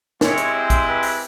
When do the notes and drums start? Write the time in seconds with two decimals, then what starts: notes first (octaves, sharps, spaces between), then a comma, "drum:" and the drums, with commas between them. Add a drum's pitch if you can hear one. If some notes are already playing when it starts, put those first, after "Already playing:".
0.21 G#3 C4 E4 G4 C#5, drum: snare
0.37 drum: hi-hat
0.54 C5
0.70 drum: kick, hi-hat
0.86 B4
1.03 drum: open hi-hat